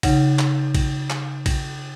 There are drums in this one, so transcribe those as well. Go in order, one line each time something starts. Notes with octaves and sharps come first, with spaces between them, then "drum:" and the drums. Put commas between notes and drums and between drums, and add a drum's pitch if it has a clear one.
C#3 D#4 F#5, drum: kick, cymbal
drum: clap
drum: kick, cymbal
drum: clap
drum: kick, cymbal